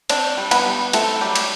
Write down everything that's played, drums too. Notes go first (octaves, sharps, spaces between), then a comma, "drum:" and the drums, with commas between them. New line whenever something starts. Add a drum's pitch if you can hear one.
C4 D4 D5, drum: cymbal
G3
B3 B4, drum: cymbal
G3
A3 C4 A4, drum: cymbal
F#3 G3 G4
drum: cymbal